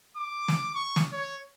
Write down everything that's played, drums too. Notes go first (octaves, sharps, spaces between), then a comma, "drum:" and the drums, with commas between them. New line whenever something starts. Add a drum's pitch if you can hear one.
D6
drum: snare
C#6
drum: snare
C#5